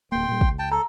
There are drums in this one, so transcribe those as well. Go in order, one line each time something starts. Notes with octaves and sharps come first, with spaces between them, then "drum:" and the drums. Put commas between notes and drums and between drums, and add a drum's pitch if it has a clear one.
D1 A#3 G5 C6
A#2 G3
C#2, drum: kick
G5 A5
A4 A#5